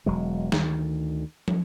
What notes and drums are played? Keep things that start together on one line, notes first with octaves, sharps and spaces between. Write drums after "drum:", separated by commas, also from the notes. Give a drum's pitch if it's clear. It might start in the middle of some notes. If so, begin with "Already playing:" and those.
E1 F#3 G#3
D2 D#3, drum: snare
drum: tom